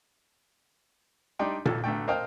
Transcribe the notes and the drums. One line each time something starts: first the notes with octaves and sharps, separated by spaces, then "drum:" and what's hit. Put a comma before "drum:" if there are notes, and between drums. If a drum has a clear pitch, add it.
G3 D4 D#4 G5 C6
C2 F2 A4, drum: tom A#2
B1 D3 A3 G5
A#4 C5 D#5 F5 G5 A5